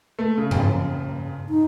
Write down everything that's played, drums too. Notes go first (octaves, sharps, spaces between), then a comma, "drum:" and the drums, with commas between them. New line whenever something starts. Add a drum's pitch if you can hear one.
A3
C#3
drum: tom G2
D#4